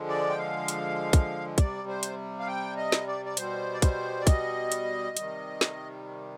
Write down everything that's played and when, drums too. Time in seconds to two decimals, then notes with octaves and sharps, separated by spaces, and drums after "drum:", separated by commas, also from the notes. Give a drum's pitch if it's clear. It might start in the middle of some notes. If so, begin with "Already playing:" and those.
Already playing: D3 F3 G#3
0.08 D5
0.29 G5
0.38 F5
0.68 drum: hi-hat
1.13 drum: kick, hi-hat
1.58 C3 G3 D5, drum: kick, hi-hat
1.88 C5
2.03 drum: hi-hat
2.39 F5
2.47 G5
2.77 D#5
2.92 drum: snare
3.07 D5
3.25 D5
3.37 B2 G3 C5, drum: hi-hat
3.73 D5
3.82 C5, drum: kick, hi-hat
4.20 D5
4.27 D#5, drum: kick, hi-hat
4.72 drum: hi-hat
5.17 C3 D#3 G3, drum: hi-hat
5.61 drum: snare